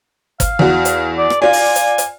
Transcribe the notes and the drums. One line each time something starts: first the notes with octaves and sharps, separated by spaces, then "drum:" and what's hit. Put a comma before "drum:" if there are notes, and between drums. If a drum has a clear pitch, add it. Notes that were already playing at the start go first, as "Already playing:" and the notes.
F5, drum: kick G1, hi-hat
E2 F#4
drum: hi-hat
D5
drum: rim click
F4 D5 G#5
drum: open hi-hat
drum: hi-hat
drum: hi-hat